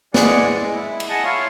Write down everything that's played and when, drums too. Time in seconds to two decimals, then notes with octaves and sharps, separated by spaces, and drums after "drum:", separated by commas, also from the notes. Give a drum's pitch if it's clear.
0.14 E3 G#3 G#4 D5 F#5, drum: snare
0.60 G#3
0.74 E4
1.00 drum: cymbal
1.09 G#4 D#5 F#5 A5
1.24 E4 F4 C#5 F5